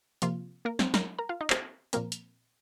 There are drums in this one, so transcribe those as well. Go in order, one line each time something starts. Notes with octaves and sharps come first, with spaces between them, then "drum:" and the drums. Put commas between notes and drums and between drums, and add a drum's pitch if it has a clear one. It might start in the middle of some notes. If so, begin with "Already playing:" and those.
C3 F3 A#3 F4, drum: hi-hat
A#3 A#4
C4 C5, drum: snare
A#4 A#5, drum: snare
A#4 A#5
F4 F5
D#4 D#5
C4 C5, drum: clap
A#2 F3 A#3 C4 A#4, drum: hi-hat
drum: hi-hat